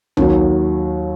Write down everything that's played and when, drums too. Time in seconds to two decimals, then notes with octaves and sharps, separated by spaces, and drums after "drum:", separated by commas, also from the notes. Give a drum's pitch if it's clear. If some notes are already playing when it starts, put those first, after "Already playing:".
0.17 D#2 D#3 F#3, drum: tom B1